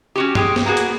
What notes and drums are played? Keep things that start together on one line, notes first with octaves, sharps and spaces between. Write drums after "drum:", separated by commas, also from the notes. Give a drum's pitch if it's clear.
C#4 F#4 G4
G#3 G4 G#4, drum: tom
drum: snare
A#3 B3 F#4 G#4
drum: hi-hat